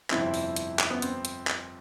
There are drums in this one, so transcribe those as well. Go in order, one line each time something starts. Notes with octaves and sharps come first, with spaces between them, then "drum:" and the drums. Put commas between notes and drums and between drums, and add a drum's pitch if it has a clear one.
G1 F2 C3 C4 E4, drum: clap
drum: open hi-hat
drum: hi-hat
drum: clap
B3
C4, drum: hi-hat
drum: hi-hat
drum: clap